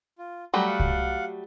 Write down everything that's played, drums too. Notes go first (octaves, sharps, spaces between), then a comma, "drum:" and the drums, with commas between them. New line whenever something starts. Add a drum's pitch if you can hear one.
F4
F#3 G3 A3 A#5
F5 F#5
drum: kick C2